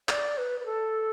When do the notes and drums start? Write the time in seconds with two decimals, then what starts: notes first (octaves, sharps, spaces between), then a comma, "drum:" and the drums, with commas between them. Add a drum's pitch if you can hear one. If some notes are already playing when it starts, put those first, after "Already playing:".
0.09 D5, drum: clap
0.38 B4
0.60 B4
0.66 A4